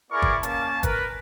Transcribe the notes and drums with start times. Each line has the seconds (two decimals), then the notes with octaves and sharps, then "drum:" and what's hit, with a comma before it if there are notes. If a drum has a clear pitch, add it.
0.11 B3 E4 G#4 A#4 D5 C#6
0.22 drum: kick G1
0.43 A#3 C#4 A5, drum: hi-hat
0.83 A#4 B4, drum: kick G1, hi-hat